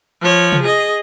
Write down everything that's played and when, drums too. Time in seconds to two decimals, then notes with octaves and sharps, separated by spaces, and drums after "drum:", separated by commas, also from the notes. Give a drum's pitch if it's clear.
0.21 F3 C#5
0.53 drum: tom C3
0.63 G#4 D#5